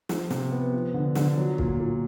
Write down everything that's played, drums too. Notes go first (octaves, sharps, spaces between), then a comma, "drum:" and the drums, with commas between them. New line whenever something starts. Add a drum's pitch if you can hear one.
F3, drum: snare
C3, drum: snare
B3
F3
D3
D3, drum: snare
F#3
A#2, drum: kick
A#2